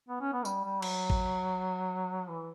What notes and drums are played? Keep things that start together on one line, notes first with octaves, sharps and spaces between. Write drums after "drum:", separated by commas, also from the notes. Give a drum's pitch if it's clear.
B3
C#4
B3
G3, drum: tambourine
G3
F#3, drum: cymbal
drum: kick G#1
E3